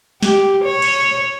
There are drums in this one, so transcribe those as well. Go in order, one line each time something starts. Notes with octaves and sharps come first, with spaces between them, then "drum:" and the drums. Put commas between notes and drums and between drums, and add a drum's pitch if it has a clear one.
G4, drum: snare
C#5
drum: cymbal